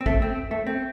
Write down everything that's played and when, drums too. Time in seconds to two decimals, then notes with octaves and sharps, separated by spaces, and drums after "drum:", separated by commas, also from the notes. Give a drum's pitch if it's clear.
0.01 C4
0.06 A3, drum: kick
0.22 C4
0.51 A3
0.67 C4